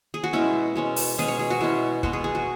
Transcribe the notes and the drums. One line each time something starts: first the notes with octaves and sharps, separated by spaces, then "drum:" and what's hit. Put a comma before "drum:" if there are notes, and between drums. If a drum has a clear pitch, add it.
G#4
F#4
B2 G#3 C#4 E4
B2 G#3 C#4
drum: open hi-hat
B2 G#3 C#4 G#4
C#5
G#4
F#4
B2 G#3 C#4 E4
B2 G#3 B3 F#4, drum: kick
G#4
G#4
F#4